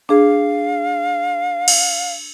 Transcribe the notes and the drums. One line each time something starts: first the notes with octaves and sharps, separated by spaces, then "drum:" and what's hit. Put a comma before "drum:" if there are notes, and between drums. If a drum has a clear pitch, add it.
D4 G#4 F5
drum: cymbal